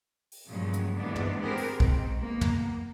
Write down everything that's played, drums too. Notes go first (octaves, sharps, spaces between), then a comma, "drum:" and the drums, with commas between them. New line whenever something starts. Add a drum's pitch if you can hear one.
drum: open hi-hat
G2 A#2 C#3 F3 F#3 G#3
drum: hi-hat
D#2 G#2 D3 E3 B3 D4
drum: tom
B3 C4 G4 G#4 A#4 C5
drum: open hi-hat
G#2 D#3 C4, drum: kick
A#3 B3
drum: tom